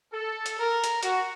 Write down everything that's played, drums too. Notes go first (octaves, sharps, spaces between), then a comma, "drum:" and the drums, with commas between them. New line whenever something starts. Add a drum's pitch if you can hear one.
A4
drum: hi-hat
A#4
drum: hi-hat
F#4, drum: hi-hat